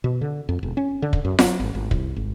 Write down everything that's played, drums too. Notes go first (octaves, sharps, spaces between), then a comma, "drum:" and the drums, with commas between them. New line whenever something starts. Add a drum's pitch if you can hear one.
B2
D3
F2
E1
C#4
D3
drum: kick
F#2
F#3, drum: snare F4
G#1
G#1
C2, drum: kick
G#1